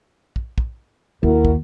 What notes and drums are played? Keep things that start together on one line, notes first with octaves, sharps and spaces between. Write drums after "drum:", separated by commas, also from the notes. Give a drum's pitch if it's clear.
drum: kick
drum: kick
D#2 E4 F#4 A#4
drum: kick